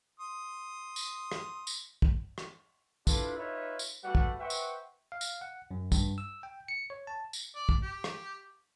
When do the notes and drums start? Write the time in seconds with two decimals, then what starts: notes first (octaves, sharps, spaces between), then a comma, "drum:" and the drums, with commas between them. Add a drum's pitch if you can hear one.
0.20 C6 D#6
0.96 drum: tambourine
1.32 drum: rim click
1.67 drum: tambourine
2.02 drum: kick
2.38 drum: rim click
3.07 D4 E4 F4 A4 B4, drum: kick, tambourine
3.38 D#4 F4 B4 C#5 E5
3.79 drum: tambourine
4.04 G3 A3 F#4 B4 F#5
4.15 drum: kick
4.40 B4 C5 E5 F#5 G5 C#6
4.50 drum: tambourine
5.12 F5
5.21 drum: tambourine
5.41 F#5
5.71 F#2
5.92 G2, drum: kick, tambourine
6.18 E6
6.43 G5
6.68 C#7
6.90 C#5
7.07 A5
7.33 drum: tambourine
7.55 D5
7.69 drum: kick
7.83 G4
8.04 drum: rim click